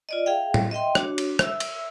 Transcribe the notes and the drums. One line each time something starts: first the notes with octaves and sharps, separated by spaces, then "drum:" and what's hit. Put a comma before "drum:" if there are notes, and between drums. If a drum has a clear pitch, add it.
F4 D5 D#5
G#4 E5 F5 G5
drum: tom A2
D#5 E5 G5 C6
D4 F#4 C#5, drum: rim click
drum: cymbal
E5 E6, drum: rim click
drum: cymbal